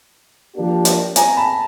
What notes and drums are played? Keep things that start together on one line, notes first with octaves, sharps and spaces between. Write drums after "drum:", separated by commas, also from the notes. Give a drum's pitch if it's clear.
F3 A#3 D4 G4
drum: hi-hat
G#5 A#5, drum: hi-hat
A5 B5